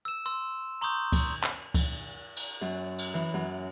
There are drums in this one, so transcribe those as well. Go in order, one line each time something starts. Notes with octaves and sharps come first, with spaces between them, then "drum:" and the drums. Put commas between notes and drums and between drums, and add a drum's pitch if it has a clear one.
E6 E7
C6 E6
A#5 C6 C#6 D#6 G6
drum: kick C#2, cymbal
drum: clap
drum: kick C#2, cymbal
drum: cymbal
F#2
drum: cymbal
E3
F#2